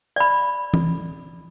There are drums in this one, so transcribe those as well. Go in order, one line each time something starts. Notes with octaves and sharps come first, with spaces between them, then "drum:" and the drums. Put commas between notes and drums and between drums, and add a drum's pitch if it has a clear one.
D5 B5
drum: tom E3